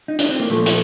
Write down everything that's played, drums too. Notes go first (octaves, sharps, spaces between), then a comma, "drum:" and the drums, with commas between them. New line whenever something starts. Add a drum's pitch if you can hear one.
D#4
D4, drum: hi-hat
C4
A#3
A#2 F3 A3
drum: hi-hat